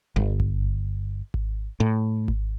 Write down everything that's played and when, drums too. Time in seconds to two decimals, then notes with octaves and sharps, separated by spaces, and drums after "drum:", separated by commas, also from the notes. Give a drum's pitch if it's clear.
0.16 G1
0.40 drum: kick G#1
1.34 drum: kick G#1
1.80 A2
2.28 drum: kick G#1